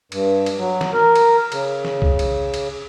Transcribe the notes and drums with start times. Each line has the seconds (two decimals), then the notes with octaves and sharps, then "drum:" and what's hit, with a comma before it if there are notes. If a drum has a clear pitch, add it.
0.12 G2, drum: cymbal
0.46 drum: cymbal
0.58 F#3
0.81 drum: snare
0.93 A#4
1.15 drum: cymbal
1.52 C#3, drum: cymbal
1.85 drum: snare
2.02 drum: kick
2.19 drum: cymbal
2.54 drum: cymbal